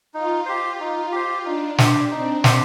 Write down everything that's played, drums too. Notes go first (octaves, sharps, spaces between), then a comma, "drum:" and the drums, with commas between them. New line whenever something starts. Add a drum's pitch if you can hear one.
D#4 F4
G4 C5
D#4
G4 C5
D4 D#4
G4 C5, drum: snare
C4 D#4
G4 C5, drum: snare